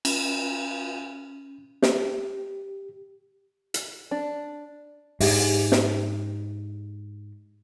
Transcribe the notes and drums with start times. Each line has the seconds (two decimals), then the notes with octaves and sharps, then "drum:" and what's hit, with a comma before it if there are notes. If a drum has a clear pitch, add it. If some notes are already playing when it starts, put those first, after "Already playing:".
0.05 C#4, drum: cymbal
1.82 G4, drum: snare
3.74 drum: hi-hat
4.11 D4
5.20 G#2 D4 G4 E5, drum: open hi-hat
5.72 drum: snare